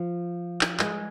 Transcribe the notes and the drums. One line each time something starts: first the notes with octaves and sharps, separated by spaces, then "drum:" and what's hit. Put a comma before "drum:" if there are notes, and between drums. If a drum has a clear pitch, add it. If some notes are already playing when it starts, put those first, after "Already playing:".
Already playing: F3
drum: clap
G#3, drum: clap